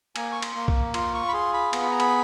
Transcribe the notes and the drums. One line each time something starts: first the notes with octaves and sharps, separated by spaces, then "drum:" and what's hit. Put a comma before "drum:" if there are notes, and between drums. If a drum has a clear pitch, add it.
A#3 G#5, drum: cymbal
C#6
C6, drum: cymbal
A#3
drum: kick B1
F4 C6, drum: cymbal
C#6
B5
G#4 C6
B5
B3 C6, drum: cymbal
B5
A#5
B5, drum: cymbal